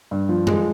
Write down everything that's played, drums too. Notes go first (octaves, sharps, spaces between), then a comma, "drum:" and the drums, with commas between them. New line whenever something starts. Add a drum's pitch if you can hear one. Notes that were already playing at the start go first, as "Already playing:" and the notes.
G2
F3
G#3, drum: tom F#2